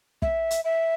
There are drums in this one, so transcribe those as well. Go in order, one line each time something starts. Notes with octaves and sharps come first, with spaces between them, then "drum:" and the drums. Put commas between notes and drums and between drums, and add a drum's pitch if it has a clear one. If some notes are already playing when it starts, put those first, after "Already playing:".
E5, drum: kick
drum: hi-hat
E5